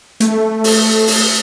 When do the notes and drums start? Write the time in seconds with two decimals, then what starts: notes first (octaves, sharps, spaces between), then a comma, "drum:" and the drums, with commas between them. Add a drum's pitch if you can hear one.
0.20 A3, drum: hi-hat
0.64 drum: open hi-hat
1.08 drum: open hi-hat